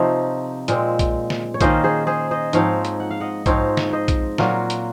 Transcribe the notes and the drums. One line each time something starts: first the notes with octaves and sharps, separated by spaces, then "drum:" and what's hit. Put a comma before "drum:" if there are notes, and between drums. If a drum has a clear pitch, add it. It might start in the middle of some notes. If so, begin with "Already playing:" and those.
Already playing: C3 F3 C4 D#4 C#5 F5
A#2 G#3 C4, drum: hi-hat
drum: kick B1, hi-hat
drum: snare
C#5
D#3 A#3 C#4 F4 C5 D#5, drum: kick B1, hi-hat
G#4 C5
G#4 C5
C5 D#5
G#2 F3 C4 D#4 C#5 F5, drum: hi-hat
drum: hi-hat
F#5
F5
D#5 F#5
G#2 F3 C4 D#4 C#5 F5, drum: kick B1, hi-hat
drum: snare
C5 D#5
drum: kick B1, hi-hat
A#2 F#3 A#3 F4 F#4 A#4, drum: snare
drum: hi-hat